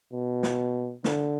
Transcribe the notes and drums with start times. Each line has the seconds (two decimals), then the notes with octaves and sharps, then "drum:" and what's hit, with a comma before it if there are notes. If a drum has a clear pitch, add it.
0.12 B2
0.43 drum: snare
1.04 D3, drum: snare